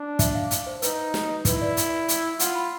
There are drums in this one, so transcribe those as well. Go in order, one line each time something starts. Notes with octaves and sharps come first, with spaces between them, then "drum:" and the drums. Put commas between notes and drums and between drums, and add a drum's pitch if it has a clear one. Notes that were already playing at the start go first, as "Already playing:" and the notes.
Already playing: D4
E5, drum: kick, hi-hat
F5
drum: hi-hat
C5
D#4 B4, drum: hi-hat
drum: snare
E4 B4, drum: kick, hi-hat
D5
drum: hi-hat
drum: hi-hat
F4 F#5, drum: hi-hat
B5